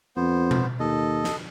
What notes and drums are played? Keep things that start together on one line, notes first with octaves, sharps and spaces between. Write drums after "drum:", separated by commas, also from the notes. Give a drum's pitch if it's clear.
F2 B3 C5
drum: tom B2
D#2 A4 D#5
drum: snare